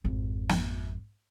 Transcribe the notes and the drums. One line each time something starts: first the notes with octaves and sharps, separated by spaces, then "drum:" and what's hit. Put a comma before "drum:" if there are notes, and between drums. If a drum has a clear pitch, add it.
G#1 F2
drum: snare